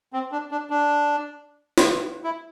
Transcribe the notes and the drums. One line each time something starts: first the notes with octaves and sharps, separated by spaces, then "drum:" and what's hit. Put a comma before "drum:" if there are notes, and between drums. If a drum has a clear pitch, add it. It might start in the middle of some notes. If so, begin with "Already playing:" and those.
C4
D4
D4
D4
drum: snare
E4